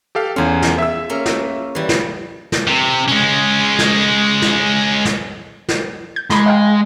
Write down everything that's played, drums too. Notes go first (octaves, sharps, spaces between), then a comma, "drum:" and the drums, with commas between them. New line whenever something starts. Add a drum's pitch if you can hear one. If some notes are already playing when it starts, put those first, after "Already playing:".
G4 A4 F5
E2 C#4 F4 G#4
drum: snare
E5 E6
A#3 C#4
drum: snare
E3 G3
drum: snare
drum: snare
C3
G#3 C#4
drum: snare
drum: snare
drum: snare
drum: snare
G6
G#3 A#5 B5 D6, drum: snare
D#5 F5 G5